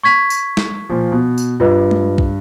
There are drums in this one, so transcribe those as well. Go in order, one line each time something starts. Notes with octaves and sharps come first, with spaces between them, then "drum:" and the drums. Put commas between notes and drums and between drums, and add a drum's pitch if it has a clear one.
C#6 G#6 B6
drum: tambourine
drum: snare
A#2 F3
B2
drum: tambourine
G2 F4 B4 D#5
drum: tom G#3
drum: kick